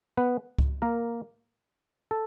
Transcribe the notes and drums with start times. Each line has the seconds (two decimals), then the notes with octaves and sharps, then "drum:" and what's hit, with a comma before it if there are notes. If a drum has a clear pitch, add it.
0.17 B3 B4
0.59 drum: kick C#2
0.82 A#3 A#4
2.11 A4